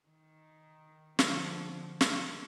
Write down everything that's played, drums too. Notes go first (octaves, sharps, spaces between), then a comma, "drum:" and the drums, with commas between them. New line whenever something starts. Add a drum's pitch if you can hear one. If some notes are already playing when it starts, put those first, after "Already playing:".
D#3
D3 F3, drum: snare
drum: snare